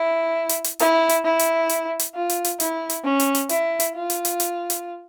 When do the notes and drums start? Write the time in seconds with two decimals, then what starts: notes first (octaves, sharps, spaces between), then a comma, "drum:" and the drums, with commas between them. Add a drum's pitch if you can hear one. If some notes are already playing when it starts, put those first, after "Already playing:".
Already playing: E4
0.49 drum: hi-hat
0.64 drum: hi-hat
0.79 E4, drum: hi-hat
1.09 drum: hi-hat
1.24 E4
1.39 drum: hi-hat
1.69 drum: hi-hat
2.00 drum: hi-hat
2.15 F4
2.30 drum: hi-hat
2.45 drum: hi-hat
2.60 E4, drum: hi-hat
2.90 drum: hi-hat
3.04 C#4
3.20 drum: hi-hat
3.35 drum: hi-hat
3.49 E4, drum: hi-hat
3.80 drum: hi-hat
3.94 F4
4.10 drum: hi-hat
4.25 drum: hi-hat
4.40 drum: hi-hat
4.70 drum: hi-hat